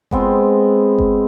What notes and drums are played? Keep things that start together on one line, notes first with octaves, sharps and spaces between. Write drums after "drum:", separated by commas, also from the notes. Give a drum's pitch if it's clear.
G#3 B3 C4, drum: kick G1
drum: kick G1